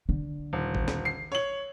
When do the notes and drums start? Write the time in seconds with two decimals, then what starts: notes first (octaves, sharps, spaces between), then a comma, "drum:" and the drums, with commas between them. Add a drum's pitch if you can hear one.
0.09 D3
0.53 D#1
0.75 drum: kick
0.88 drum: snare
1.05 C7
1.32 C#5 F#7